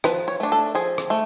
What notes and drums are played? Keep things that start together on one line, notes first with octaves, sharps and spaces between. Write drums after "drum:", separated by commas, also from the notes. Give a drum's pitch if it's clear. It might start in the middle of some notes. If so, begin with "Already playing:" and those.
F3 B4, drum: rim click
C#5
A3 D4
A4
F3 G#4
drum: rim click
A3